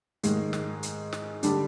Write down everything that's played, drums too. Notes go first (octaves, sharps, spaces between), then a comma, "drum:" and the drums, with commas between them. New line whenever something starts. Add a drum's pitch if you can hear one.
G#2 D#3 G#3, drum: hi-hat
drum: snare
drum: hi-hat
drum: snare
D3 G3 D4, drum: hi-hat